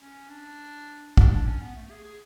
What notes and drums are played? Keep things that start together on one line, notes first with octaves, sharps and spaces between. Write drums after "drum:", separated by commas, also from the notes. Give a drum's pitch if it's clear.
C#4
D4
D4, drum: kick
D4
C#4
B3
A3
G#4
G#4